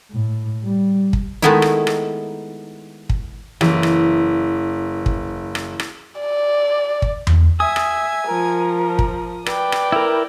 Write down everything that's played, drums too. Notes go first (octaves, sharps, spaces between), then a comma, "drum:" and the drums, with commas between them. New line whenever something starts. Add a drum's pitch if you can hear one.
A2
G3
drum: kick
D#3 G#3 A3 B3 D#4 E4
drum: rim click
drum: rim click
drum: kick
F#1 E3, drum: rim click
drum: rim click
drum: kick
drum: rim click
drum: rim click
D5
drum: kick
drum: tom E2
E5 G#5 D#6
drum: rim click
F3 A#4
drum: kick
B4 D5 G5, drum: rim click
drum: rim click
E4 A#4